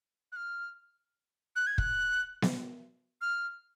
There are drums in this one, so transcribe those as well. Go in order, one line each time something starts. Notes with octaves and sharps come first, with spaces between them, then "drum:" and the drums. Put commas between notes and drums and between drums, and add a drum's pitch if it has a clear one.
F#6
F6
F#6
G#6
F#6, drum: kick
drum: snare B3
F6